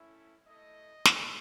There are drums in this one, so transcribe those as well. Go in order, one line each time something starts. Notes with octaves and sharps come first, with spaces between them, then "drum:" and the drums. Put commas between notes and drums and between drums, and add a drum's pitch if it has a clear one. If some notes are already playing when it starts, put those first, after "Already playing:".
Already playing: A3 C#4 E4
A3 E4 D#5
A3 C#4 F#4, drum: snare